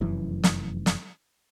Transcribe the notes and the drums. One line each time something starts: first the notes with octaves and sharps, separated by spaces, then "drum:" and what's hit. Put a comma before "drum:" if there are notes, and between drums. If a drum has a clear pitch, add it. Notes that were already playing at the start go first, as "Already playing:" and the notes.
F1 F#2 E3
drum: snare
drum: snare